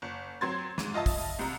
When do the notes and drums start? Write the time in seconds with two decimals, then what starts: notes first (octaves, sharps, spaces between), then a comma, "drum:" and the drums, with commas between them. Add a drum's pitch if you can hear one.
0.02 F#1
0.41 F#3 C4 C6 G#6 A6
0.78 G#2, drum: snare
0.94 F4 D#5 E5 A5 D#6
1.06 drum: kick, open hi-hat
1.39 C2 C3 A#5